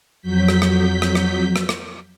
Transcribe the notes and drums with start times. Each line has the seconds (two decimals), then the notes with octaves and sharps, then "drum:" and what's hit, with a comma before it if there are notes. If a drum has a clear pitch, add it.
0.22 F2 F#3 G6 B6
0.48 drum: rim click
0.62 drum: rim click
1.02 drum: rim click
1.15 drum: rim click
1.56 drum: rim click
1.69 drum: rim click